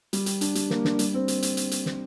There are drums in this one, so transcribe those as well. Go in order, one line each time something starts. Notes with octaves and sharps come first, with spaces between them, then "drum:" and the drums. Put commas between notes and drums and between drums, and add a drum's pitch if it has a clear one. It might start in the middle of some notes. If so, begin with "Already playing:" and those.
G3, drum: hi-hat
G4, drum: hi-hat
D4, drum: hi-hat
G3, drum: hi-hat
A#3, drum: snare
D4, drum: snare
G3, drum: hi-hat
C4
drum: hi-hat
drum: hi-hat
drum: hi-hat
drum: hi-hat
drum: snare